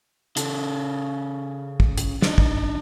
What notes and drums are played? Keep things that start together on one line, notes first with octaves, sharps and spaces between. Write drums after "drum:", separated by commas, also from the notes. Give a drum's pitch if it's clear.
C#3 A4, drum: hi-hat
drum: kick
drum: hi-hat
D4 D#4, drum: snare
drum: kick